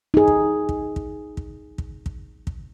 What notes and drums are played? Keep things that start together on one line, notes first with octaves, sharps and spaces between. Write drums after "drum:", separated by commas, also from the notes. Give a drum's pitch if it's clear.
D#4 G#4
drum: kick
drum: kick
drum: kick
drum: kick
drum: kick
drum: kick
drum: kick